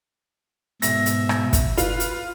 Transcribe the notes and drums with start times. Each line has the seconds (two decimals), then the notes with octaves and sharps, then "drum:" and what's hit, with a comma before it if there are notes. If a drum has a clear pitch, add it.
0.82 G#2 B2 E5 A#6, drum: hi-hat
1.06 drum: hi-hat
1.29 drum: rim click
1.53 drum: kick, hi-hat
1.78 F4 B4, drum: hi-hat
2.00 drum: hi-hat